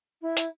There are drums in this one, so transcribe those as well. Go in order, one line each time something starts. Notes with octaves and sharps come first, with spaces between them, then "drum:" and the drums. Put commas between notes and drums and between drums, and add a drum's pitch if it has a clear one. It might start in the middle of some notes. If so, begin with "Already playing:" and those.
E4
drum: hi-hat